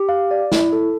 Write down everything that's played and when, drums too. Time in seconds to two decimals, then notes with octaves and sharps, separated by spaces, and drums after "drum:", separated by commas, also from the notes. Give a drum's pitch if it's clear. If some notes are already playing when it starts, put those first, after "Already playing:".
Already playing: G4
0.09 F5
0.31 D5
0.52 E4, drum: snare
0.73 A4